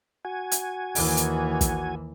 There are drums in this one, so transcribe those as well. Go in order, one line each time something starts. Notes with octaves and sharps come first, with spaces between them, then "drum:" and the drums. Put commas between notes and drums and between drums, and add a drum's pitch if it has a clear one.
F#4 G#5
drum: hi-hat
D#2 E3, drum: open hi-hat
drum: hi-hat
drum: kick, hi-hat